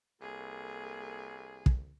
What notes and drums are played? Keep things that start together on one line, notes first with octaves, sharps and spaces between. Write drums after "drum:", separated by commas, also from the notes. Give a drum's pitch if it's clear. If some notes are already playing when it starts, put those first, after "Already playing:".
C2 A#3 G#4 A4
drum: kick